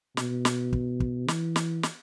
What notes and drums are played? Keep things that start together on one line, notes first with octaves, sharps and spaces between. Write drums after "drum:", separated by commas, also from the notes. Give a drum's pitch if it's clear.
B2, drum: snare
drum: snare
drum: kick
drum: kick
E3, drum: snare
drum: snare
drum: snare